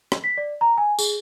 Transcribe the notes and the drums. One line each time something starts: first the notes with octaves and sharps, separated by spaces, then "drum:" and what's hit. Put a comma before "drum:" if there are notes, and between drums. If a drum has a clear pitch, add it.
drum: rim click
B6
D5
A#5
G#5
G#4, drum: tambourine